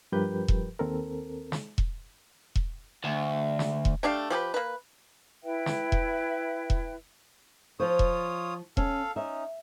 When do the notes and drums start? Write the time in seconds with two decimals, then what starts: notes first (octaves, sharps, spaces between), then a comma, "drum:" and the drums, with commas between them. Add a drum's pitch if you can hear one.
0.12 G2 F3 G4 A#4 B4 G6
0.48 drum: kick E1
0.79 D#2 C4 A4 A#4
1.52 drum: snare
1.78 drum: kick E1
2.56 drum: kick E1
3.04 D2
3.59 drum: snare
3.85 drum: kick E1
4.03 A3 D4 G4 F5
4.30 F3 G4 G#4 B4
4.54 A#3 B4
5.42 E4 B4 E5 G5
5.66 drum: snare
5.92 drum: kick E1
6.70 drum: kick E1
7.80 F3 F4 C5 C#5 D#6
7.99 drum: kick E1
8.77 C#4 A4 F5, drum: kick E1
9.16 C#4 D#4 E5